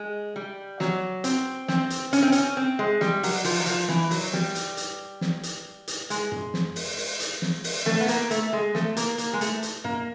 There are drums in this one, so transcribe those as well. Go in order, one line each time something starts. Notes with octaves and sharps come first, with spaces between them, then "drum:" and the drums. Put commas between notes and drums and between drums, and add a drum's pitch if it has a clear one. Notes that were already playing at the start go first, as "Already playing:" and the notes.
Already playing: G#3
G3
F#3, drum: snare
C4, drum: hi-hat
C4, drum: snare
drum: hi-hat
C#4, drum: hi-hat
C4
C#4, drum: hi-hat
C4
G#3
G3, drum: snare
F#3, drum: open hi-hat
F3, drum: open hi-hat
F#3
F3, drum: hi-hat
E3, drum: snare
F#3, drum: open hi-hat
G3, drum: snare
drum: hi-hat
drum: hi-hat
drum: snare
drum: hi-hat
drum: hi-hat
G#3, drum: hi-hat
drum: tom F#2
drum: snare
drum: open hi-hat
drum: open hi-hat
drum: hi-hat
drum: snare
drum: open hi-hat
A3, drum: snare
B3
A#3, drum: hi-hat
A3, drum: hi-hat
G#3
A3, drum: snare
A#3, drum: hi-hat
A#3, drum: hi-hat
G#3
A3, drum: hi-hat
drum: hi-hat
A#3, drum: tom F#2